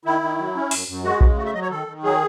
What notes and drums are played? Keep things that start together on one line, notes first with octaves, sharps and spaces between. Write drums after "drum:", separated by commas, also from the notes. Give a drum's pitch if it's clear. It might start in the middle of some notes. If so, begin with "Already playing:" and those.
D#3 E4
D#3
F#3
C#4
F#2, drum: open hi-hat
F#2
G#3 F#4
C#3, drum: kick A#1
A3 F#4
E5
F#3 D#5
C#5
D#3 A4
D#3
F#3 G#4